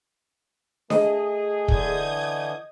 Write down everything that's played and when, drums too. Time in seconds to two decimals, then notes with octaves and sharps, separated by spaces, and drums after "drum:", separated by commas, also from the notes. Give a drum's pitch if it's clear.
0.90 A3 G#4 D#5, drum: snare D4
1.68 D3 E3 D#6 G6 G#6, drum: kick